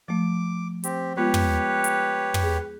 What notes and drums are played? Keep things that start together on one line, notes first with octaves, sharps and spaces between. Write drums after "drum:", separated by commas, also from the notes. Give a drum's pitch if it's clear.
F3 A3 D6
C4 G4, drum: hi-hat
G#3 B3 F4 G4 B4 C#5
drum: tom
drum: hi-hat
drum: tom
G#4